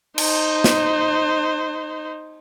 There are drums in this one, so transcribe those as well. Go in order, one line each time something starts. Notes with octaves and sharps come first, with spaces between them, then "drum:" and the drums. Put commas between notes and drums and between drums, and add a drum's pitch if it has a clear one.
D#4 C5, drum: cymbal
drum: snare